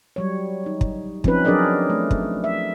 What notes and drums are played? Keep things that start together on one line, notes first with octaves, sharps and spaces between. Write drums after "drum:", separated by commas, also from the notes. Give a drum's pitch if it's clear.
F#3 G3 C#5
D#4
drum: kick
F3 C4 C#4 D#4 B4, drum: kick
F#3 D4 G#4 A#4 D5 D#5
A3
drum: kick
E5